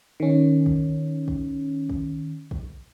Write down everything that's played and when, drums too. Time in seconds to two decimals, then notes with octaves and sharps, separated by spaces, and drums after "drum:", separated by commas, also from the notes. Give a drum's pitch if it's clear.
0.20 D#3 C#4
0.66 drum: kick
1.28 drum: kick
1.89 drum: kick
2.51 drum: kick